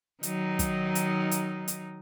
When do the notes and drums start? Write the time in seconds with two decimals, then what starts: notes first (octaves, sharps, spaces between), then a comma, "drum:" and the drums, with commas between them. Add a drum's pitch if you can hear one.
0.23 D#3 F#3 D#4, drum: hi-hat
0.59 drum: kick, hi-hat
0.95 drum: hi-hat
1.31 drum: hi-hat
1.68 drum: hi-hat